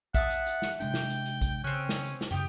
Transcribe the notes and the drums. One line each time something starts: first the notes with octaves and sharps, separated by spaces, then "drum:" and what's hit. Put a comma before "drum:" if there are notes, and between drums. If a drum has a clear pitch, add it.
E5 F#5 A5 D#6, drum: kick A1, hi-hat
drum: hi-hat
drum: hi-hat
drum: snare
C3 G#3 D4 G5, drum: hi-hat
drum: snare
drum: hi-hat
drum: hi-hat
drum: kick A1, hi-hat
C#3 C4 C#4 F#6
drum: snare
drum: hi-hat
drum: snare
F#2 C#3 G4 G5 D#6